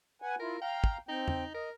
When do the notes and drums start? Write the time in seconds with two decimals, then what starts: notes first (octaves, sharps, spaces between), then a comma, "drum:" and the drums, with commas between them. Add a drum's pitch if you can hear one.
0.22 B4 F#5 G#5
0.40 E4 F4 A#4
0.62 F5 G5 A#5
0.84 drum: kick
1.09 C4 D#4 G5
1.28 drum: tom E2
1.54 A#4 D#5